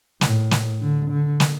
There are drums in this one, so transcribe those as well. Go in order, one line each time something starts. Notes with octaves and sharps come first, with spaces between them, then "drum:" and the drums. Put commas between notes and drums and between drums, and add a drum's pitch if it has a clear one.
A2, drum: snare
drum: snare
D3
D3
drum: snare